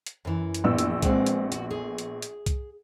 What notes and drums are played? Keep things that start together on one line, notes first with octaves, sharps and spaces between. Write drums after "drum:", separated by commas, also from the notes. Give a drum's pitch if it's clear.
drum: hi-hat
F#2 E3
drum: hi-hat
A#1 B3 E6
drum: hi-hat
G#3 C4 F#5, drum: kick C2, hi-hat
drum: hi-hat
F#4, drum: hi-hat
G#4
drum: hi-hat
drum: hi-hat
drum: kick C2, hi-hat